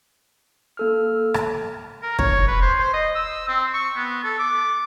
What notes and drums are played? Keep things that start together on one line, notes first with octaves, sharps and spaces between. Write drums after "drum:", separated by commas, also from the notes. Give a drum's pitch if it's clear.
A#3 A4 F6
drum: rim click
A#4
C#5, drum: kick
B4
C5
C5
D#5
E6
C4
C#6
B3
A4
D6